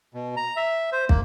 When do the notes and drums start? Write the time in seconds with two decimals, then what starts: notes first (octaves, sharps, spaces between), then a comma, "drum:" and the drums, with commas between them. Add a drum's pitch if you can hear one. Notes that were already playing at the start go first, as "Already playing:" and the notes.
0.14 B2
0.37 A#5
0.56 E5
0.93 C5
1.09 A#3, drum: kick